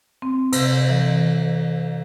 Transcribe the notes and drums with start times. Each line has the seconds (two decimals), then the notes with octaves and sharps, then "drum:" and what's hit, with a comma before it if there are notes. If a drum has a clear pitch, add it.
0.22 C4
0.53 C3, drum: cymbal
0.90 E3